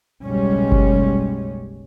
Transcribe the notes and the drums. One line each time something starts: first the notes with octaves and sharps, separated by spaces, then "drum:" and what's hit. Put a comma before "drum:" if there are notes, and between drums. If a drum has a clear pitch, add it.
F#1 B1 G3 G#3 C#4
drum: kick F#1